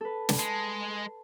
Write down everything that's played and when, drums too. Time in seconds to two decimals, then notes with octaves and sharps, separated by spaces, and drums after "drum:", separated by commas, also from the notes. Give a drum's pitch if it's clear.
0.01 A4 B4
0.29 drum: snare
0.39 G#3 A5